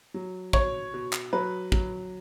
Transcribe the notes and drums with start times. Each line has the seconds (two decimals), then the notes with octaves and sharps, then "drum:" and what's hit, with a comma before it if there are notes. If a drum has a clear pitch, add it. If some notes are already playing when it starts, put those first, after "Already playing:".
0.14 F#3
0.53 B2 C#5, drum: kick
0.94 B2
1.13 drum: clap
1.33 F#3 B4
1.72 F#3, drum: kick